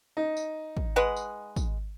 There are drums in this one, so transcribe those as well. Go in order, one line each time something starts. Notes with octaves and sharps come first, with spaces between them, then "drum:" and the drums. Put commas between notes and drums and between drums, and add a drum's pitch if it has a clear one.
D#4
drum: tambourine
drum: kick
G#3 B4 F#5
drum: tambourine
drum: kick, tambourine